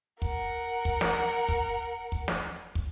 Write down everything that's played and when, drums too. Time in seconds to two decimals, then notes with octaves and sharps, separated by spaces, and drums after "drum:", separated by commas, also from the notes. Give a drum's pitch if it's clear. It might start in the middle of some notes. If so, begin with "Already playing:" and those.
0.22 A#4 F#5, drum: kick
0.85 drum: kick
1.01 drum: snare
1.49 drum: kick
2.12 drum: kick
2.28 drum: snare
2.75 drum: kick